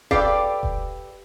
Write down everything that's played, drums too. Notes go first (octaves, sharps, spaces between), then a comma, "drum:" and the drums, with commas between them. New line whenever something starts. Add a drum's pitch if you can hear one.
G4 A4 B4 D5 F5 G5, drum: kick E1
drum: kick E1